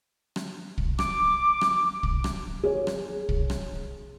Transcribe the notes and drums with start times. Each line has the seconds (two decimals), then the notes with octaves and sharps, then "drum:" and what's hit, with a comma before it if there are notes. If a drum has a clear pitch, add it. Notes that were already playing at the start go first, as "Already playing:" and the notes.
0.36 drum: rim click
0.78 drum: kick
0.99 D6, drum: rim click
1.61 drum: rim click
2.03 drum: kick
2.24 drum: rim click
2.63 G#4 C#5
2.87 drum: rim click
3.29 drum: kick
3.50 drum: rim click